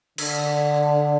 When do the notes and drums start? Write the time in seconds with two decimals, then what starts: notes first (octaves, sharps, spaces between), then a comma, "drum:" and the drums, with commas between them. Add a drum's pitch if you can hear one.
0.18 D3, drum: cymbal